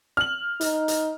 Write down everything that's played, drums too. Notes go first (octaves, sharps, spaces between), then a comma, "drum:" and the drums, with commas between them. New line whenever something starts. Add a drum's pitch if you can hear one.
F6 F#7
D#4, drum: hi-hat
drum: hi-hat